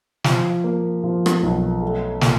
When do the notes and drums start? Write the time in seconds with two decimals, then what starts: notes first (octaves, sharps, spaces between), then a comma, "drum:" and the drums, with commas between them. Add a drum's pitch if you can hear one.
0.24 F3, drum: snare
0.64 A#3
1.04 F3
1.26 drum: rim click
1.43 B1
1.82 A3
2.21 A#2, drum: snare